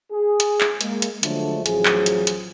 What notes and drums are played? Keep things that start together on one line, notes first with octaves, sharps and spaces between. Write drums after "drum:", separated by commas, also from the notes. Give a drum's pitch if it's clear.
G#4
drum: hi-hat
drum: clap
G#3 A#3, drum: hi-hat
drum: hi-hat
D3 F3 F#3 G#3 A3 D4, drum: hi-hat
A1 F3 F#3 G#4, drum: hi-hat
drum: clap
drum: hi-hat
drum: hi-hat